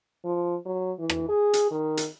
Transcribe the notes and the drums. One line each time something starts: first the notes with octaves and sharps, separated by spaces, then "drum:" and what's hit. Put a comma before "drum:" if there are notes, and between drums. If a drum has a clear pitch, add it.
F3
F#3
E3
drum: rim click
G#4
drum: hi-hat
D#3
drum: hi-hat